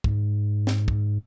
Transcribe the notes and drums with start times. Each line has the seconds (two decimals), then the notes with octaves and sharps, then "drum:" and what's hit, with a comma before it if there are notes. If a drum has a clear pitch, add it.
0.04 G#2, drum: kick
0.67 drum: snare
0.88 drum: kick